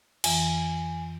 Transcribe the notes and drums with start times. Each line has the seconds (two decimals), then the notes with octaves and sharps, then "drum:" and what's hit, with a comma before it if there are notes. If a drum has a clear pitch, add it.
0.24 F2 E3 G#5, drum: cymbal